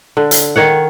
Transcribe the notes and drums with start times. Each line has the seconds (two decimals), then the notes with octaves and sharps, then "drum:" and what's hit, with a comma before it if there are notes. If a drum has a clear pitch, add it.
0.17 D3
0.31 drum: hi-hat
0.56 D#3 C#5 F#5